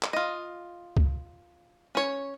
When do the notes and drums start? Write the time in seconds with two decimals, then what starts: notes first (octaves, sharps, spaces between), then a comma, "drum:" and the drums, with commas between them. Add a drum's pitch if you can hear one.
0.03 drum: clap
0.13 F4 D#5
0.97 drum: kick C#2
1.95 C#4 C#5